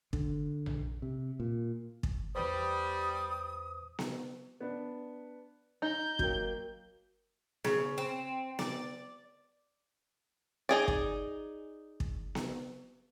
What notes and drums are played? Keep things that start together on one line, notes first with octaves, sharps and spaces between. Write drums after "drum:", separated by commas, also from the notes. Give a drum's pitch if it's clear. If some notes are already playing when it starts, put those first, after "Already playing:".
D3, drum: kick
drum: tom A#1
C3
A#2
drum: kick
E2 G3 B4 C5 D#6
drum: snare B3
B3 D4
D#4 A#5 G6
F#3 A#3 G5, drum: kick
C#3, drum: snare B3
C4
D5, drum: snare B3
D#4 G#4 D5
drum: kick
drum: kick
drum: snare B3